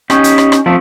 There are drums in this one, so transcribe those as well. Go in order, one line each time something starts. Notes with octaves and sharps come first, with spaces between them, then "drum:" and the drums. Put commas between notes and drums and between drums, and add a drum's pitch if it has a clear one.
C#4 D#4 G4, drum: rim click
drum: hi-hat
drum: rim click
drum: rim click
F3 A3 C4